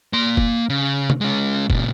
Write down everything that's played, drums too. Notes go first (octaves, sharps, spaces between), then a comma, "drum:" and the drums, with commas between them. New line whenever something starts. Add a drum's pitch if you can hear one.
A#3 C6
drum: kick F1
C#3
drum: tom C3
G#3 C#4
A#2 C#3, drum: kick F1